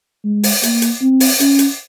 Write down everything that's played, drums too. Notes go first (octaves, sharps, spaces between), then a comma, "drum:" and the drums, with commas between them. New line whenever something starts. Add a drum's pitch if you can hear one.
G#3
drum: open hi-hat
A#3, drum: hi-hat
drum: hi-hat
C4
drum: open hi-hat
C#4, drum: hi-hat
drum: hi-hat